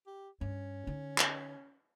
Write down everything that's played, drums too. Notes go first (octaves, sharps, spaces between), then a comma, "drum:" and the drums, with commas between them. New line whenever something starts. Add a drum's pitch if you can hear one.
G4
G2 C#4
D3 D#4
drum: clap